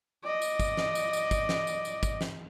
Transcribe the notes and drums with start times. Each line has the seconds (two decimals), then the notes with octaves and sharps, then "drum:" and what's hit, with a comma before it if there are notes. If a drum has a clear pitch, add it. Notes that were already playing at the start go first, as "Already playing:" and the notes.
0.24 D5 D#5
0.42 drum: tambourine
0.60 drum: kick, tambourine
0.77 drum: snare
0.95 drum: tambourine
1.13 drum: tambourine
1.31 drum: kick, tambourine
1.49 drum: snare
1.67 drum: tambourine
1.85 drum: tambourine
2.03 drum: kick, tambourine
2.21 drum: snare